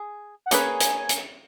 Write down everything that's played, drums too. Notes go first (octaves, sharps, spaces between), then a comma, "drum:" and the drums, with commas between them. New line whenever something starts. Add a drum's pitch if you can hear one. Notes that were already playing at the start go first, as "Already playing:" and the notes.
Already playing: G#4
F#5
A#3 C#4 G#4 B4 G#5, drum: hi-hat
drum: hi-hat
drum: hi-hat